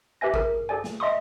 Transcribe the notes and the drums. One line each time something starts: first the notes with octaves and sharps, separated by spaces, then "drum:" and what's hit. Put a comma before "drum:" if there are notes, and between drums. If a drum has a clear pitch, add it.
G4 B4 E5 G#5 A#6
G#4 A#4, drum: kick A1
G#4 A4 D5 G#5
drum: snare
D#5 E5 C6 C#6 D#6